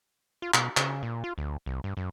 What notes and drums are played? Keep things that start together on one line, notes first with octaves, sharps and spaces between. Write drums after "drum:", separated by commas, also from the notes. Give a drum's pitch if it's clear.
F4
B2, drum: clap
C#3, drum: clap
A#2
F4
D2
C2
G2
F#2